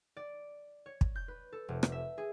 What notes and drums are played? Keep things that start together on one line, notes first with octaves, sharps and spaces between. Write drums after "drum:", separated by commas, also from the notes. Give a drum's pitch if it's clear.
D5
C#5
drum: kick
G6
B4
A4
F1
drum: rim click
E5
G#4